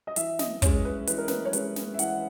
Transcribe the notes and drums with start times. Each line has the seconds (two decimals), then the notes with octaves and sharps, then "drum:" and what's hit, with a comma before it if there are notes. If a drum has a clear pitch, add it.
0.07 D#5
0.16 E3 E5, drum: hi-hat
0.39 D#5, drum: snare
0.62 G#3 C#4 C#5, drum: kick, hi-hat
0.85 B4
1.07 E3 B4, drum: hi-hat
1.18 A#4
1.28 B4, drum: snare
1.45 C#5
1.53 G#3 C#4 B4, drum: hi-hat
1.76 drum: snare
1.94 E5
1.99 E3 F#5, drum: hi-hat